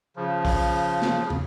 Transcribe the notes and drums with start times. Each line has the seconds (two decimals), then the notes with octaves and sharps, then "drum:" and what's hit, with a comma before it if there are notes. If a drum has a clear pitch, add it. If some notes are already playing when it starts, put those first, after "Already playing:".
0.16 C#3 F3
0.45 drum: kick, open hi-hat
1.02 drum: snare
1.30 drum: tom